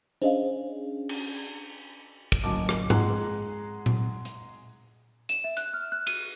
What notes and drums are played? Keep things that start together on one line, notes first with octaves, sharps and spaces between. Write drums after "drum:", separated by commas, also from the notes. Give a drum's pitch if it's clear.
C#4 D4 G#4 C5 D#5 F5
drum: cymbal
drum: kick
D1 F#2 A#3 D#5 A5 D6
drum: rim click
G#3 G#4 F#5 A#5 F#6, drum: tom G#2
drum: tom A#2
drum: hi-hat
E7, drum: hi-hat
E5
F#6, drum: hi-hat
F6
F#6
D#7, drum: cymbal